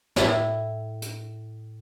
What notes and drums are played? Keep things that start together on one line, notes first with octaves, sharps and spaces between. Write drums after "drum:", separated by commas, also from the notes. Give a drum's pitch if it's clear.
A2 E4, drum: snare
drum: hi-hat